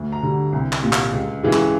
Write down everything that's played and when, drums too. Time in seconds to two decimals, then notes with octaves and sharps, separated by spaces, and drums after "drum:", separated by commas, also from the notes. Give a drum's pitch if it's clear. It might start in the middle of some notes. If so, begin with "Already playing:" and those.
Already playing: D2
0.12 A#5
0.23 D3 G3
0.53 C2
0.73 drum: clap
0.83 A#2 G3
0.93 drum: clap
1.13 C#2
1.43 C#3 E3 G#3
1.53 drum: clap